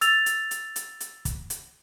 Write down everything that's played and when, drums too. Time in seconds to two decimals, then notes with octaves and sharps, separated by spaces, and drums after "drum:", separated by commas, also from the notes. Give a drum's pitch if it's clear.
0.01 E6 A6 F7, drum: hi-hat
0.26 drum: hi-hat
0.51 drum: hi-hat
0.76 drum: hi-hat
1.00 drum: hi-hat
1.25 drum: kick, hi-hat
1.50 drum: hi-hat